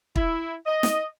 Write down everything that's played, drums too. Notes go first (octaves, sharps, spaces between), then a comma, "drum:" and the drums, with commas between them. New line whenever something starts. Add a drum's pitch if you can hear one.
E4, drum: kick
D#5
drum: snare